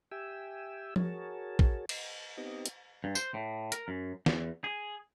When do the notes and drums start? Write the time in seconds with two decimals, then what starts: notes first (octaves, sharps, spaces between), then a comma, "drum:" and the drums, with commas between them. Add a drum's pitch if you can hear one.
0.11 G4 E5 G5 G#5 E6
0.96 F#4 G#4 A#4 C#5 A5, drum: tom F3
1.59 drum: kick
1.89 drum: cymbal
2.37 B3 C4 D#4 G4 D#5
2.66 drum: hi-hat
3.04 G2
3.15 C5, drum: tambourine
3.34 A2
3.72 A#4, drum: hi-hat
3.88 F#2
4.26 E2, drum: snare
4.64 G#4